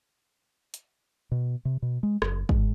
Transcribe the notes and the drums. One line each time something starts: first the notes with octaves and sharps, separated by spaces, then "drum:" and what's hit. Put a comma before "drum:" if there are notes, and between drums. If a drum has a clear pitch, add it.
drum: hi-hat
B2
C3
B2
G#3
F#1, drum: rim click
G#2, drum: kick